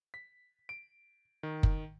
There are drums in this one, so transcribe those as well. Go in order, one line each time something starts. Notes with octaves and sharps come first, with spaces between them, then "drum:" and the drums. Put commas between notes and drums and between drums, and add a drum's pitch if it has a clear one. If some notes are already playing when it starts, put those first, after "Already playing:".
B6
D7
D#3
drum: kick F#1